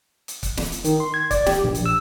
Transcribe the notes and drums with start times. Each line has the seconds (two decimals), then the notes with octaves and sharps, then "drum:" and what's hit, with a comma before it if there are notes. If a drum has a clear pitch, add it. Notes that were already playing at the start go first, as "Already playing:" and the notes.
0.28 drum: hi-hat
0.43 drum: kick C#1, hi-hat
0.57 drum: snare
0.72 drum: hi-hat
0.84 D#3, drum: hi-hat
1.00 C6
1.14 G#6
1.31 D5, drum: kick C#1, hi-hat
1.46 G4, drum: snare
1.64 A#1
1.75 drum: hi-hat
1.86 E6